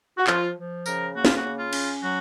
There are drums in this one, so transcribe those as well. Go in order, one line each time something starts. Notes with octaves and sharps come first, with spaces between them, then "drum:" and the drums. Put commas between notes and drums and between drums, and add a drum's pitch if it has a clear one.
F#4
F3 F4, drum: clap
F3
C#3 A#4, drum: tambourine
A#3 F#4
F4, drum: snare
F#4
C#3
F4
C#4, drum: cymbal
F#3 F#4